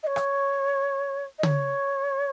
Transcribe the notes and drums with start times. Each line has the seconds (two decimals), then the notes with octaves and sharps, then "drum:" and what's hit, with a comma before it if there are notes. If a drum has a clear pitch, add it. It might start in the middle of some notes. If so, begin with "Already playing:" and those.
0.03 D#5
0.07 C#5
0.16 drum: rim click
1.39 D#5
1.43 C#5, drum: tom